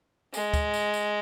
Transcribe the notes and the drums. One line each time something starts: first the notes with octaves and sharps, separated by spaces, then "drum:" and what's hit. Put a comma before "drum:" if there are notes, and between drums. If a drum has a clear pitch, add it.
G#3, drum: tambourine
drum: kick, tambourine
drum: tambourine
drum: tambourine